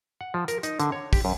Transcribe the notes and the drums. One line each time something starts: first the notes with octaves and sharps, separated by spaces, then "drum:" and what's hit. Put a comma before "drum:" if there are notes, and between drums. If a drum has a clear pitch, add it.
F#5
F3
A#4, drum: hi-hat
D#4, drum: hi-hat
D3, drum: hi-hat
C#5
G4, drum: kick, open hi-hat
F#2